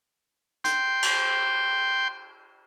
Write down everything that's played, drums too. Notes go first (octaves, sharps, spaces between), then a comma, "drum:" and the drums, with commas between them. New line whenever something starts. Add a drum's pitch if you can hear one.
G5 C6, drum: hi-hat
drum: cymbal